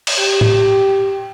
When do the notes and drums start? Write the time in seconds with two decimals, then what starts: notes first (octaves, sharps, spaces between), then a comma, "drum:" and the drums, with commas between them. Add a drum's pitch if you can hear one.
0.07 drum: cymbal
0.19 G4
0.41 drum: tom A2